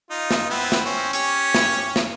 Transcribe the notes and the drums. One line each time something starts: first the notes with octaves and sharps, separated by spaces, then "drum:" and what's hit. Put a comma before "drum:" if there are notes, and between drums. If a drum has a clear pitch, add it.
D#4 F4
drum: snare
B3 C4 E4
drum: snare
C4 C#4
C#4 G4 C#5, drum: hi-hat
drum: snare
drum: snare